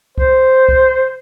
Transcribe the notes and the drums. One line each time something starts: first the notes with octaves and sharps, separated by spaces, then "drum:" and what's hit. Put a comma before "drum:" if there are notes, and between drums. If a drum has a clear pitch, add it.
C5, drum: kick
drum: kick